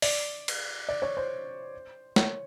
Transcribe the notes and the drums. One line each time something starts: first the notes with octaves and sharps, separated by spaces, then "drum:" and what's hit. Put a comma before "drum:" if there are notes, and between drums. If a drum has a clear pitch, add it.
D5, drum: open hi-hat
drum: cymbal
D5
C#5
C5
C#5, drum: snare